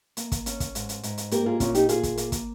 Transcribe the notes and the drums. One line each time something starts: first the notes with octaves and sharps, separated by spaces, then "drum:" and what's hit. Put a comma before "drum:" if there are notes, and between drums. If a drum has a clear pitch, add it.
A#3, drum: hi-hat
drum: kick, hi-hat
C#4, drum: hi-hat
drum: kick, hi-hat
G#2, drum: hi-hat
drum: hi-hat
G#2, drum: hi-hat
drum: hi-hat
A#3 G4 A#4, drum: hi-hat
F4 G#4
A#2 C#4 F4, drum: kick, hi-hat
D#4 G4, drum: hi-hat
A#3 F4 G#4, drum: hi-hat
drum: kick, hi-hat
A#3, drum: hi-hat
drum: kick, hi-hat